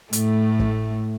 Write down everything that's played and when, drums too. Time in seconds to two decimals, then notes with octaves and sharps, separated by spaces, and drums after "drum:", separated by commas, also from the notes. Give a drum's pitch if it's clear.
0.13 A2 A3, drum: hi-hat
0.59 drum: kick